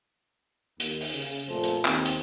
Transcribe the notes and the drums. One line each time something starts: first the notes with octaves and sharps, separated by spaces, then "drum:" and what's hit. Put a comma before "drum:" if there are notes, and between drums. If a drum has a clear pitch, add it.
D#2, drum: hi-hat
drum: open hi-hat
C#3
F2 A#2 A3 A4 C5
drum: hi-hat
D#2 C4, drum: clap
drum: hi-hat